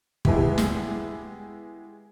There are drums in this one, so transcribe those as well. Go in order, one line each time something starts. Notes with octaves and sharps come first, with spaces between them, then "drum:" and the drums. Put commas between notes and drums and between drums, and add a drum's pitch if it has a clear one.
G#3 B3 E4 G4, drum: kick
drum: snare